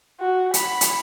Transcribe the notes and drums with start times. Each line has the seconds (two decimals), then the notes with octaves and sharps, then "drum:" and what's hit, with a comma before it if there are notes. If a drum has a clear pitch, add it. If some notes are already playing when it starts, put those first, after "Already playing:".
0.20 F#4
0.54 B5, drum: hi-hat
0.81 drum: hi-hat